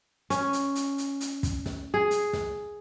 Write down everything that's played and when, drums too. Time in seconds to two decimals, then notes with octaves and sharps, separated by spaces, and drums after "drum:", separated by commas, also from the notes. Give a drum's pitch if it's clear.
0.30 C#4, drum: hi-hat
0.53 drum: hi-hat
0.75 drum: hi-hat
0.98 drum: hi-hat
1.21 drum: hi-hat
1.43 drum: kick, hi-hat
1.66 drum: snare
1.94 G#4
2.11 drum: hi-hat
2.33 drum: snare